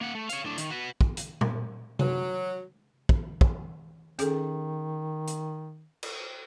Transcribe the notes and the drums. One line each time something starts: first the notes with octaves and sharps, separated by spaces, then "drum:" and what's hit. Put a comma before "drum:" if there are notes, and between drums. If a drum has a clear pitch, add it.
A#3 F#5
A3
C#5 F5, drum: hi-hat
A2 D4
D#3, drum: hi-hat
F#4 B4
drum: kick
drum: hi-hat
drum: tom A#2
F#3, drum: tom C3
drum: kick
drum: kick
D#3 C#4 G#4 A4, drum: hi-hat
drum: hi-hat
drum: cymbal